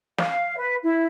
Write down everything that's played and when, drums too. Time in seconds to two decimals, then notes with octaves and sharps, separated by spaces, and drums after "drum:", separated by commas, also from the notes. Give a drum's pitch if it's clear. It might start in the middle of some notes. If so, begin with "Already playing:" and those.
0.18 F5, drum: snare
0.57 B4
0.82 E4